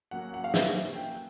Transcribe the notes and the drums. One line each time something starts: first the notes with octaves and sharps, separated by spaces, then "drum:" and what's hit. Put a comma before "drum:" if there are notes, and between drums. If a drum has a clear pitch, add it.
F#3 A#3 C#4 F#4 A#4 F#5
F#5
F5
E5, drum: snare
G5